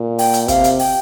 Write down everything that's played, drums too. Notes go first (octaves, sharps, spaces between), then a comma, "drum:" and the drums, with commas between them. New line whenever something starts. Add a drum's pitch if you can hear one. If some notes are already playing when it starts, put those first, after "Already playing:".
Already playing: A#2
G5, drum: open hi-hat
drum: hi-hat
C3 F5, drum: kick, hi-hat
drum: hi-hat
G5, drum: open hi-hat